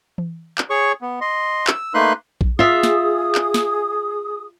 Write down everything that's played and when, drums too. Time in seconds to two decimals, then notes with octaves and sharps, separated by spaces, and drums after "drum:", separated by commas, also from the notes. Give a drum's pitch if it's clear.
0.18 drum: tom E3
0.58 drum: clap
0.70 G#4 C#5 C#6
1.02 B3
1.21 D#5 C6
1.67 E6, drum: clap
1.94 A3 A#3 D#4 B4 C6 F#6
2.41 drum: kick A#1
2.59 F4 G#4 E5 D#6
2.83 drum: snare
3.35 drum: clap
3.54 drum: snare